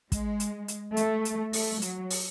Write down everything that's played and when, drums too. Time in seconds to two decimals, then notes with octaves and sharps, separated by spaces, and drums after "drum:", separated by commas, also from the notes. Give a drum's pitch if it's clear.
0.12 G#3, drum: kick, hi-hat
0.40 drum: hi-hat
0.68 drum: hi-hat
0.97 A3, drum: hi-hat
1.25 drum: hi-hat
1.53 A3, drum: open hi-hat
1.82 F#3, drum: hi-hat
2.11 drum: open hi-hat